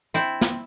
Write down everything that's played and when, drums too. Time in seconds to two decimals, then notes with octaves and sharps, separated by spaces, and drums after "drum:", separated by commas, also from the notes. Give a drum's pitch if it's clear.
0.14 C4 E4, drum: hi-hat
0.41 drum: snare